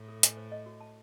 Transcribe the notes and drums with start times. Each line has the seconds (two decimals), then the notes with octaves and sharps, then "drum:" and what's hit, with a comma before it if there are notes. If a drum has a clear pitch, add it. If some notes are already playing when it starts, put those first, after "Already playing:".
Already playing: A2
0.08 A4
0.23 G#5, drum: hi-hat
0.37 C5
0.52 D#5
0.66 F#4
0.81 A5